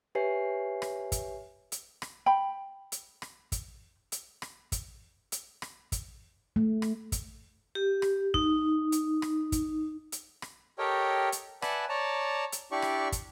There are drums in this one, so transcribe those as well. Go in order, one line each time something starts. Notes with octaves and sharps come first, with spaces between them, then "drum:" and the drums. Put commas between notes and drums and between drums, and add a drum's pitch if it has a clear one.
G4 B4 C#5 E5 G#5 C7
drum: rim click
drum: kick, hi-hat
drum: hi-hat
drum: rim click
G5 B5
drum: hi-hat
drum: rim click
drum: kick, hi-hat
drum: hi-hat
drum: rim click
drum: kick, hi-hat
drum: hi-hat
drum: rim click
drum: kick, hi-hat
A3
drum: rim click
drum: kick, hi-hat
G4
drum: rim click
D#4, drum: kick
drum: hi-hat
drum: rim click
drum: kick, hi-hat
drum: hi-hat
drum: rim click
G4 A4 A#4 C#5 D#5 G5
drum: hi-hat
B4 D5 E5 F#5 G#5 A5, drum: rim click
C#5 D5 A5 A#5
drum: hi-hat
D4 E4 G4 D5 C#6
drum: rim click
drum: kick, hi-hat